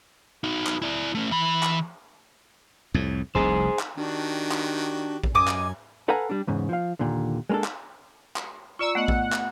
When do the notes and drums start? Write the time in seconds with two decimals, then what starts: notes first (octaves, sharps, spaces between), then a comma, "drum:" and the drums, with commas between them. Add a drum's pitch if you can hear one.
0.44 D#4 F#4
0.67 drum: clap
0.82 E4 D5
1.15 A3 C#4
1.32 E3 B5
1.63 drum: clap
2.94 C2 F2 A2
3.35 F1 C2 G#4 C5
3.79 drum: clap
3.98 D#3 D4 F#4 G4
4.51 drum: clap
5.24 drum: kick A#1
5.35 F#2 D#5 G#5 D6 D#6
5.48 drum: clap
6.09 A4 B4 F5 F#5 G#5 A#5
6.30 G3 D4
6.47 E2 G#2 C#3
6.69 F3 F5
6.99 D#2 A#2 D3
7.49 G#3 A#3 C#4 D4 A4
7.64 drum: clap
8.36 drum: clap
8.79 F4 D5 A#5 C#6 E6
8.95 A3 B3 D#5 F#5
9.08 drum: kick A#1
9.32 drum: clap